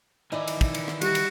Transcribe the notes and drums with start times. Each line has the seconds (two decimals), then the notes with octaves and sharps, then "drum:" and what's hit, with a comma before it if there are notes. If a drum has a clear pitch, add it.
0.32 D#3 E3 D#4 E4 D5 G#5
0.48 drum: cymbal
0.61 drum: kick, cymbal
0.74 drum: cymbal
0.88 drum: rim click
1.01 G3 F#4, drum: cymbal
1.15 drum: cymbal